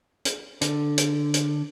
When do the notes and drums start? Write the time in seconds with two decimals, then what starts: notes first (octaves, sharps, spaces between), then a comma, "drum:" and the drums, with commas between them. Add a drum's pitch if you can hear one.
0.25 drum: hi-hat
0.61 D3, drum: hi-hat
0.98 drum: hi-hat
1.34 drum: hi-hat